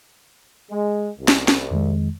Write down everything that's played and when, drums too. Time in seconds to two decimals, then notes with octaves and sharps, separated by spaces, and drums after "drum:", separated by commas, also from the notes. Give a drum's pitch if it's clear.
0.70 G#3
1.19 C2
1.28 drum: snare
1.48 drum: snare
1.71 F2 D#3 G#3